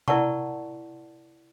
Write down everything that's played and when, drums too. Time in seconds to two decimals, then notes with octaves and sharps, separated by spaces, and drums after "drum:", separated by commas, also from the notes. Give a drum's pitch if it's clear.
0.08 E4 A#4 D5 F#5 A5 C#6, drum: tom C3